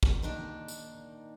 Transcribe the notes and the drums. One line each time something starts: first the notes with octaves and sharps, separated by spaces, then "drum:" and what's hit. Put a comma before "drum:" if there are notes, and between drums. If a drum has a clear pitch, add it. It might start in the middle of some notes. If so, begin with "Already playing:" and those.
drum: kick
A#2 D#3 D4 D#4 D5
drum: tambourine